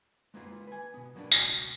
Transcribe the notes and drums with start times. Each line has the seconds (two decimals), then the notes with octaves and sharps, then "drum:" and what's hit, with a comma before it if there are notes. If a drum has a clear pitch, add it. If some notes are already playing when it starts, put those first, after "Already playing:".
0.34 G#3 A#3 B3 F4 G#4
0.67 B4 G#5
0.94 B2 B3
1.15 B2 F#3 A#3 B3 D4
1.32 C#2 B2 F#4 D5 G#5, drum: tambourine